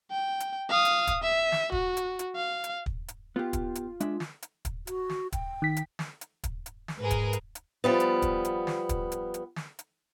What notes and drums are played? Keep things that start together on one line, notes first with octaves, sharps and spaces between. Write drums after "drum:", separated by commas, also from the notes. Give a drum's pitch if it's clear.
G5
drum: hi-hat
F5 D#6
drum: hi-hat
drum: kick, hi-hat
E5
drum: snare
F#4, drum: kick
drum: hi-hat
drum: hi-hat
F5
drum: hi-hat
drum: kick
drum: hi-hat
B3 F4 G4
drum: kick, hi-hat
drum: hi-hat
G#3 D4 E5, drum: hi-hat
drum: snare
drum: hi-hat
drum: kick, hi-hat
F#4, drum: hi-hat
drum: snare
G5, drum: kick, hi-hat
D#3 B6
drum: hi-hat
drum: snare
drum: hi-hat
drum: kick, hi-hat
drum: hi-hat
drum: snare
G#2 G#4 A#4 B4
drum: kick, hi-hat
drum: hi-hat
drum: hi-hat
F3 G3 B3
drum: hi-hat
drum: kick, hi-hat
drum: hi-hat
drum: snare
drum: kick, hi-hat
drum: hi-hat
drum: hi-hat
drum: snare
drum: hi-hat